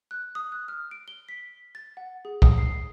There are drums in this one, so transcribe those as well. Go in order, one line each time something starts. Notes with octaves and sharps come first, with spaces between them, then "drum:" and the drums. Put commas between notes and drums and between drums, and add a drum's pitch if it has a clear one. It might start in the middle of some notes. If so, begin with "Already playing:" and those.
F#6
D#6
F#6
F6
D7
G7
B6
A6
F#5
G#4
D#6, drum: kick C2
C7